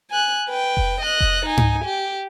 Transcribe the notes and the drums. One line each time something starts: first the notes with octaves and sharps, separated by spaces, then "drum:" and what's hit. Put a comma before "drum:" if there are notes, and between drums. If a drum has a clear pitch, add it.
G#5 F#6
B4 G5
drum: kick F1
D#5 F#6
drum: kick F1
D#4 G#5
drum: tom G#2
G4